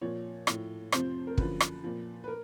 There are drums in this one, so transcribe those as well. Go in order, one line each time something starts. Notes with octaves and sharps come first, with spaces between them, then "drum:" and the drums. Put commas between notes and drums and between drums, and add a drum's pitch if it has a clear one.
A#2 F3 C#5
A2 F3, drum: rim click
F2 C3 F3 C5, drum: rim click
A#4
F#2 D3 F3 B4, drum: kick
drum: rim click
A#2 F3
B4
A#4